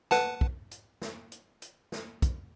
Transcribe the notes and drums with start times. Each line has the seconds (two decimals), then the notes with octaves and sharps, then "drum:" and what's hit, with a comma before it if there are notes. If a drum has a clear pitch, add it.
0.11 B4 F#5 A5, drum: snare
0.41 drum: kick
0.71 drum: hi-hat
1.02 drum: snare
1.32 drum: hi-hat
1.62 drum: hi-hat
1.92 drum: snare
2.22 drum: kick, hi-hat